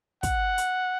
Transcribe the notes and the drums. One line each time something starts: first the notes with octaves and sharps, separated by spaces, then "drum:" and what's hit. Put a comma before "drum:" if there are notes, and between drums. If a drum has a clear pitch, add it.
F#5, drum: kick, hi-hat
drum: hi-hat